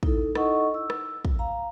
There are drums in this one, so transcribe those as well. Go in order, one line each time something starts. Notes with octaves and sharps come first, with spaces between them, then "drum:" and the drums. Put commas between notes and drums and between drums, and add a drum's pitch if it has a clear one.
D#4 E4 A4, drum: kick
D#4 E4 A4 D#5 F#5 C#6, drum: rim click
E6
drum: rim click
drum: kick
F5 A#5